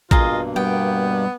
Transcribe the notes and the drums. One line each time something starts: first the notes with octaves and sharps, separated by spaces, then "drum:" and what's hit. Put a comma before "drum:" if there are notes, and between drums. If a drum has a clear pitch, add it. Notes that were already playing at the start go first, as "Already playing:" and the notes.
G2 B2 A#3 F4 G#4 D#5 A#5, drum: kick
G3 B3 G5